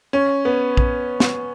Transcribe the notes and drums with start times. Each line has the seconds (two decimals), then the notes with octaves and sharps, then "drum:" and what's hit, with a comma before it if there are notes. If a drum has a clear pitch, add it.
0.13 C#4
0.45 B3
0.77 drum: kick A#1
1.20 drum: snare